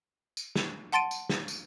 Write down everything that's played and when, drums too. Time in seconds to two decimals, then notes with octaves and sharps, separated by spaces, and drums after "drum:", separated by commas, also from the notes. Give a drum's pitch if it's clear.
0.37 drum: tambourine
0.55 drum: snare
0.92 F#5 A5 C6 A6 D7 D#7
1.11 drum: tambourine
1.29 drum: snare
1.48 drum: tambourine